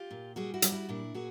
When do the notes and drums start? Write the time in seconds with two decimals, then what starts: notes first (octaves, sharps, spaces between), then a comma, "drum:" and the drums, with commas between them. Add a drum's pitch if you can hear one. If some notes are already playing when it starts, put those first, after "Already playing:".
Already playing: F4 G4
0.11 A#2
0.36 G3 F#4 G#4
0.54 E4 F#4
0.62 G3, drum: hi-hat
0.72 E4 F#4
0.89 A#2 D4 E4
1.14 A#2 F#4 G#4